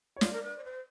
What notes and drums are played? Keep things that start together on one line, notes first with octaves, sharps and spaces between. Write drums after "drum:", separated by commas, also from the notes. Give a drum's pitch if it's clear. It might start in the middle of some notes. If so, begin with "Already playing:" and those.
C#5
F4 D5, drum: snare
A#4
B4
C#5
C5